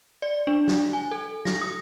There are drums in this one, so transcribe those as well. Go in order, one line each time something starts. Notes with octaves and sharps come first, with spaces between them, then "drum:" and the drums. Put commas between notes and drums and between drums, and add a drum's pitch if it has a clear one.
D5
D4
drum: snare
G#5
A4
A#6, drum: snare
D#6